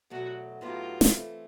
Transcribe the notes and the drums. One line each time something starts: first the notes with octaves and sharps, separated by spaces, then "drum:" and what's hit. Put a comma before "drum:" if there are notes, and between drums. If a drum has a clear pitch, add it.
E2 B2 F#3 A3 F#4
A2 F#3 B3 D#4 F4 G4
drum: snare
E3 A3 C4